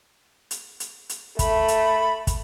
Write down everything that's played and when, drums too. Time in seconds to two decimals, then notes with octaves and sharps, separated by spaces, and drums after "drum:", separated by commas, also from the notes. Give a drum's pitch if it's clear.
0.51 drum: hi-hat
0.80 drum: hi-hat
1.09 drum: hi-hat
1.39 A3 B5, drum: kick, hi-hat
1.68 drum: hi-hat
2.27 drum: kick, hi-hat